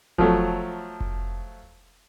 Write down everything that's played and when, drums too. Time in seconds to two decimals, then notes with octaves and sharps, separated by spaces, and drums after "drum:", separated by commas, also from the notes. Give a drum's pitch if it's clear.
0.18 F3 F#3 A3, drum: kick F1
1.00 drum: kick F1